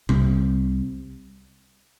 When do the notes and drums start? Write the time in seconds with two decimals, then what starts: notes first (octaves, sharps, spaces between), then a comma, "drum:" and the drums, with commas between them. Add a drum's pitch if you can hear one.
0.09 C2 C3, drum: tom C3